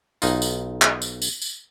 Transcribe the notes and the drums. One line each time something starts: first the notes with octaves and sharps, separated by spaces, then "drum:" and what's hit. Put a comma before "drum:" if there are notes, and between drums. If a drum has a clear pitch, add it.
B1 D#4 F4, drum: tambourine
drum: tambourine
drum: clap
drum: tambourine
drum: tambourine
drum: tambourine